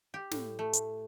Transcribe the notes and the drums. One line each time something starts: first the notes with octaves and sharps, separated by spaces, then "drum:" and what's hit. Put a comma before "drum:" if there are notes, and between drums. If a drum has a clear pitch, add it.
G4
A2, drum: snare
A3
drum: hi-hat